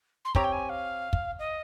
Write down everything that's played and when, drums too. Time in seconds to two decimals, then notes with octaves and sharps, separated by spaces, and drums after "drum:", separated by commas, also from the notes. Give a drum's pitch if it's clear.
0.25 C6
0.35 C4 G4 C#5 A#5, drum: kick
0.44 G5
0.52 G#5
0.69 F5
1.13 drum: kick
1.39 D#5